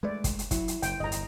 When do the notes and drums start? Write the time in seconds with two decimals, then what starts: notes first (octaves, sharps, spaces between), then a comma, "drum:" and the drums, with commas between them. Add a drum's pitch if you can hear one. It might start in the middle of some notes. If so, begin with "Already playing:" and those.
0.03 G#3 A3 B4 D5
0.24 drum: kick, hi-hat
0.39 drum: hi-hat
0.51 F#3 E4, drum: kick, hi-hat
0.68 drum: hi-hat
0.82 F#1 G5, drum: hi-hat
1.00 G1 E2 D#5 A#5
1.12 drum: hi-hat